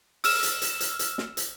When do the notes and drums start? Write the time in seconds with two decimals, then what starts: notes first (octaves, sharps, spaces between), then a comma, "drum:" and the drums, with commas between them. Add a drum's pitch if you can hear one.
0.24 E6 F6 E7, drum: open hi-hat
0.43 drum: hi-hat
0.62 drum: hi-hat
0.80 drum: hi-hat
0.99 drum: hi-hat
1.18 drum: snare
1.37 drum: hi-hat